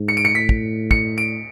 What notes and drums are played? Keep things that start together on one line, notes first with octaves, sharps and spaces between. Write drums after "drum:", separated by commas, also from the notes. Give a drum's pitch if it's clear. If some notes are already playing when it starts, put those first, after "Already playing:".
Already playing: G#2
C#7
D7
C#7
A2 B6
drum: kick
C#7, drum: kick
D7